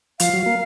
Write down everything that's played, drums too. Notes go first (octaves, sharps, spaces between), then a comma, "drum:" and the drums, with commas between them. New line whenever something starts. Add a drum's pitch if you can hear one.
F3 F5, drum: hi-hat
F#3
A#3